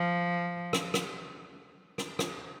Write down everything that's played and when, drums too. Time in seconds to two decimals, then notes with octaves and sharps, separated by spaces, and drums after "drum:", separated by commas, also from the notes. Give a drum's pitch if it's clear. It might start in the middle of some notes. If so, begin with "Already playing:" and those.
Already playing: F3
0.73 drum: rim click
0.94 drum: rim click
1.98 drum: rim click
2.19 drum: rim click